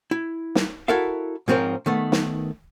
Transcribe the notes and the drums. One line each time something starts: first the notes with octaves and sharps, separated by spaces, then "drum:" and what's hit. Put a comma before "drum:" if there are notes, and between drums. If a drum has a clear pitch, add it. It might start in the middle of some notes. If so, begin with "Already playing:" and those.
E4
drum: snare
E4 F#4 A4 A#4 E5 F5
G#2 F3 C4 C#4 A#4
D#3 A3 B3
drum: snare